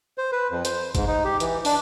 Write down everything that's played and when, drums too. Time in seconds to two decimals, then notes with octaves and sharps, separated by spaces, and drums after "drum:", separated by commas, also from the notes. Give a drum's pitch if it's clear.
0.18 C5
0.32 B4
0.51 F2
0.65 C5, drum: hi-hat
0.95 G#2, drum: kick, hi-hat
1.08 D#4
1.24 G4
1.40 E3, drum: hi-hat
1.65 D4, drum: open hi-hat